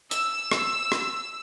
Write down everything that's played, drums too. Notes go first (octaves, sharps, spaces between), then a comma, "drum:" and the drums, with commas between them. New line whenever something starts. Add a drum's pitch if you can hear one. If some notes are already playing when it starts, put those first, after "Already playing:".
E6, drum: hi-hat
drum: rim click
drum: rim click